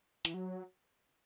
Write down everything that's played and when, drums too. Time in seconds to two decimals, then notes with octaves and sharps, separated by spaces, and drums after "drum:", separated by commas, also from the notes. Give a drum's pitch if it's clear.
0.25 E3, drum: hi-hat
0.34 F#3